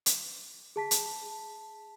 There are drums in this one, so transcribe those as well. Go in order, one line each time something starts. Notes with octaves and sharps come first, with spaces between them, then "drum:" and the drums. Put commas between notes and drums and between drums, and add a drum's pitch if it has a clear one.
drum: hi-hat
G#4 A5 B6
drum: hi-hat